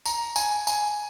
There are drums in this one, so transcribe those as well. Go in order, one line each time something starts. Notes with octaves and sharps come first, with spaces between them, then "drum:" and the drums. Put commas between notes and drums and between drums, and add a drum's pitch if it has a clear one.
A#5, drum: tambourine
G#5, drum: tambourine
G#5, drum: tambourine